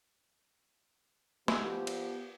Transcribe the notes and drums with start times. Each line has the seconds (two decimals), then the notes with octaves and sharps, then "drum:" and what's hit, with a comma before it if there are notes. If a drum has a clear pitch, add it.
1.48 F3 G#3 B3 E4 G4, drum: snare
1.87 drum: cymbal